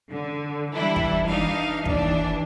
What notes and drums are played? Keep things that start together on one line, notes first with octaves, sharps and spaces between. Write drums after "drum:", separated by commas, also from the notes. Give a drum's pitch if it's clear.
D3
E3 G3 D4 E4
drum: kick
E3 D4 D#4 F5
D#2 E3 D4, drum: kick